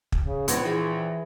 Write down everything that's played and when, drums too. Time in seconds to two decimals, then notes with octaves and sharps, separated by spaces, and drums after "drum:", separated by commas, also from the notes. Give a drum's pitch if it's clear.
0.12 drum: kick
0.22 C#3
0.48 A#1 B3 G#6 A#6, drum: hi-hat
0.64 E3 E4 G#4 B5